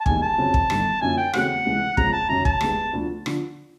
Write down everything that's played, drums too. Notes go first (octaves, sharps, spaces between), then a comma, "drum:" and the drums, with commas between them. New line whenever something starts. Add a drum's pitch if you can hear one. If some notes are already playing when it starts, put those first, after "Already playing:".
A5
E1 D#2 D#3 G#5, drum: kick
A5
F2 C#3 F#3
drum: kick
G1 G2 D#3, drum: rim click
F#2 D3 F3 A#3 D4 G#5
G5
E2 C#3 F#3 A3 C4 F#5, drum: rim click
C#2 C3 E3 G#3
F2 C#3 F3 G#3 A#5, drum: kick
A5
F#2 D#3 F#3 A#5
A5, drum: kick
D#2 D#3 G#3 B3, drum: rim click
D2 D3 F3
D3 F3, drum: rim click